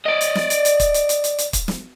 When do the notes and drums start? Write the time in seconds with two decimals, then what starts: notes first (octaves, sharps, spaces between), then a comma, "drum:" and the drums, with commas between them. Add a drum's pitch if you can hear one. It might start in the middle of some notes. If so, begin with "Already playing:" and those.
0.06 D5 D#5
0.21 drum: hi-hat
0.35 drum: snare
0.50 drum: hi-hat
0.65 drum: hi-hat
0.80 drum: kick, hi-hat
0.94 drum: hi-hat
1.09 drum: hi-hat
1.24 drum: hi-hat
1.38 drum: hi-hat
1.53 drum: kick, hi-hat
1.68 drum: snare